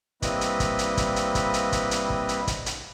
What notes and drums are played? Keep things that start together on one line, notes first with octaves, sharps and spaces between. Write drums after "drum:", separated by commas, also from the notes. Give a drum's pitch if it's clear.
G3 A#3 C4 E4 B4 D#5, drum: kick, hi-hat
drum: hi-hat
drum: kick, hi-hat
drum: hi-hat
drum: kick, hi-hat
drum: hi-hat
drum: kick, hi-hat
drum: hi-hat
drum: kick, hi-hat
drum: hi-hat
drum: kick
drum: hi-hat
drum: kick, hi-hat
drum: hi-hat